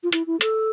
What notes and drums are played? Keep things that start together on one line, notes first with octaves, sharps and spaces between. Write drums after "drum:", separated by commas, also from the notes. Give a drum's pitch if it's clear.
F4
E4, drum: hi-hat
E4
A4, drum: hi-hat